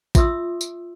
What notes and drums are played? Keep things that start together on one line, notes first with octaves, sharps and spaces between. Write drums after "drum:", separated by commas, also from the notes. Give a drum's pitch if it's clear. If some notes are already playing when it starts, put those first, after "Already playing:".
F4 E5 C6 D#6 E6, drum: kick, tambourine
drum: tambourine